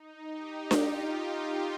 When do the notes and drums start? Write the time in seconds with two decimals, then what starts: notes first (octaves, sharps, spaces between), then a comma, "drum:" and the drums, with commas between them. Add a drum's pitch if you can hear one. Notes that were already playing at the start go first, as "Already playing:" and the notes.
Already playing: D#4
0.30 G4
0.71 F4, drum: snare D4
1.12 F4